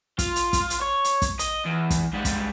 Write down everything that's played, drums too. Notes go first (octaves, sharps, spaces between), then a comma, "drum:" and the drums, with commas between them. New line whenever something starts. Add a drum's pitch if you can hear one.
F4, drum: kick, hi-hat
drum: hi-hat
drum: kick, hi-hat
drum: hi-hat
C#5
drum: hi-hat
drum: kick, hi-hat
D#5, drum: hi-hat
E2
drum: kick, hi-hat
G#2 G3
drum: kick, hi-hat